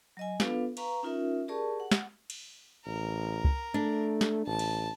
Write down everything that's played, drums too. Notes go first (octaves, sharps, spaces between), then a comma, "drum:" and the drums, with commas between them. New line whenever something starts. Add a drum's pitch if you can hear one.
F#3 D#5 G#5
B3 D4 F4 A4 B4 F5, drum: snare
B4 F5 A#5 C#6, drum: cymbal
C#4 D#4 F4 A#4 E5
G4 G#4 A#4 D5 A5 C#6
F#5
drum: snare
drum: cymbal
A1 A#4
drum: kick
A3 D4
drum: snare
A1 A5
drum: cymbal